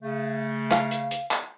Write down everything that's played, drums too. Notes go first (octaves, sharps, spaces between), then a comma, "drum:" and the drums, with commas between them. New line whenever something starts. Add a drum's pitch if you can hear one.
C#3 A3
F5, drum: clap
drum: hi-hat
drum: hi-hat
drum: clap